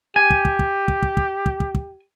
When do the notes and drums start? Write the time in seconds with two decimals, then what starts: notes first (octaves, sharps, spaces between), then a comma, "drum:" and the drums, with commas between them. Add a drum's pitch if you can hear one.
0.16 G4 G#5
0.31 drum: kick
0.45 drum: kick
0.59 drum: kick
0.88 drum: kick
1.03 drum: kick
1.17 drum: kick
1.46 drum: kick
1.60 drum: kick
1.75 drum: kick